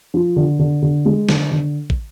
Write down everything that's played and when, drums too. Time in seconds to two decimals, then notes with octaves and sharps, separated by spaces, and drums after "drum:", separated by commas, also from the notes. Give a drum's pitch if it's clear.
0.14 F3
0.36 D3
0.59 D3
0.82 D3
1.05 G#3
1.29 D3, drum: snare
1.51 D3
1.90 drum: kick